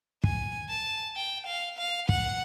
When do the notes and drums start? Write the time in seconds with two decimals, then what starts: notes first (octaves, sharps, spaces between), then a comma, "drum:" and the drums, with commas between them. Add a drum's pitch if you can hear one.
0.24 G#5, drum: kick
0.69 A5
1.16 G5
1.47 F5
1.78 F5
2.09 F#5, drum: kick